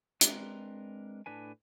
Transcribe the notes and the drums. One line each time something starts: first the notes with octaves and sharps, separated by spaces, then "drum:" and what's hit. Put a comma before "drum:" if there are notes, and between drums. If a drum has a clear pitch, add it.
G#3 C4 D4 A#4 B4, drum: hi-hat
A2 D4 B4 G#5